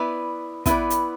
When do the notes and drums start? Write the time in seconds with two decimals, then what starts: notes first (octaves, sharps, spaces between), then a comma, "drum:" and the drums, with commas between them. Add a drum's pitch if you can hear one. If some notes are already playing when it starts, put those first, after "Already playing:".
Already playing: B3 E4 B4 D5
0.66 B3 E4 B4 D5, drum: kick, hi-hat
0.90 drum: hi-hat